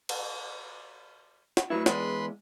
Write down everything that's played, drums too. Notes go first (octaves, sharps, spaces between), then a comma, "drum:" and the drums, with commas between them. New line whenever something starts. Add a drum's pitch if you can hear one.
drum: cymbal
drum: snare
A2 F#3 E4 B4 C#6
E2 G#3 B4 B5 C6, drum: snare